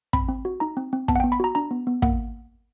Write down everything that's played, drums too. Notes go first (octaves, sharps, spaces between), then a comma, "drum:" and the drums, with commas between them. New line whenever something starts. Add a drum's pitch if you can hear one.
C4 B5, drum: kick
C4
F#4
D#4 A#5
C4
C4
B3 A5, drum: kick
F#5
B3 G5
B5
F#4 A#5
D4 A#5
B3
B3
A#3 F#5, drum: kick